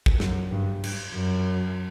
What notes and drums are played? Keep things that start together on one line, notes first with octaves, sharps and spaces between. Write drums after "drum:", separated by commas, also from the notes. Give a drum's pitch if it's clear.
drum: kick
F#2, drum: snare
G2
G2, drum: cymbal
F#2